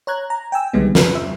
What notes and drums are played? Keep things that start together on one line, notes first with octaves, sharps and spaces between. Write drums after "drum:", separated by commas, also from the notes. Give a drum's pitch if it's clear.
C#5 A#5 F#6 G#6
A#5
G5 G#5 E6
C2 D3 D#3 G3 G#3 B3
B4, drum: snare
E5